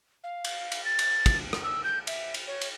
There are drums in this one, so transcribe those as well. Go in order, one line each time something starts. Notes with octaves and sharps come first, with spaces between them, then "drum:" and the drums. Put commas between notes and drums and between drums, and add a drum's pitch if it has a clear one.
F5
drum: cymbal
drum: cymbal
A6
drum: cymbal
drum: kick, cymbal
drum: rim click
E6
G6
E5, drum: cymbal
drum: cymbal
C#5
drum: cymbal